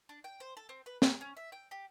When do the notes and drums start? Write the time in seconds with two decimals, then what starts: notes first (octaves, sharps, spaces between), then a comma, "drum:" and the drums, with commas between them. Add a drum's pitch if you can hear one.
0.09 D4
0.24 G5
0.40 C5
0.57 A4
0.69 C4
0.86 B4
1.02 A#4, drum: snare
1.21 C#4
1.37 E5
1.52 G5
1.71 G4